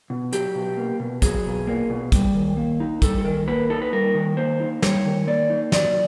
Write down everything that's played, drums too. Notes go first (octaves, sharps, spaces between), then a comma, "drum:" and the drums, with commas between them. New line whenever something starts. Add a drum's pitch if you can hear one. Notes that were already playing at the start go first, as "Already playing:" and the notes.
B2
F#3 G4, drum: hi-hat
B2
A#3
B2
F#3 G#4, drum: kick, hi-hat
B2
A#3
B2
G3, drum: kick, hi-hat
D#3
A#3
D#4
G3 A4, drum: kick, hi-hat
A4
D#3 A#4
A#3 B4
D#4 A4
B4
G3 A#4
D#3
A#3 C5
D#4
G3 C#5, drum: snare
D#3
A#3 D5
D#4
F#3 D5, drum: snare